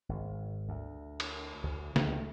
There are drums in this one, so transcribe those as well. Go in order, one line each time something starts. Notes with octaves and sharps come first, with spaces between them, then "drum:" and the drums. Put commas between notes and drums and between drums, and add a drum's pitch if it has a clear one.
G#1
D2
drum: cymbal
D2
C#2, drum: snare
A3